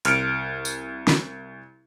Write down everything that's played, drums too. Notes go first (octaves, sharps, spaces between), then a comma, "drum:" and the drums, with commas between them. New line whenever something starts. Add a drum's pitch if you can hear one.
C2 F6 C#7 D7, drum: hi-hat
drum: tambourine
drum: snare